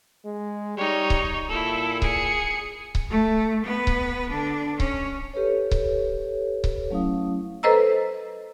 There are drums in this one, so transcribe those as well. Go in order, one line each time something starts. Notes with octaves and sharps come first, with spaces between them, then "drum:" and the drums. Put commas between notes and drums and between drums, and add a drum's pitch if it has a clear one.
G#3
G3 D#4 C#5
drum: kick C#1
A#2 E4 A4
G#4 C#7, drum: kick C#1
drum: kick C#1
A3
B3 B4
drum: kick C#1
D3 D4
C#4, drum: kick C#1
G4 A4 B4 C#5
drum: kick C#1
drum: kick C#1
F#3 A3 C#4 E4 F5 D#6
A4 B4 C5 D#5 A#5 E6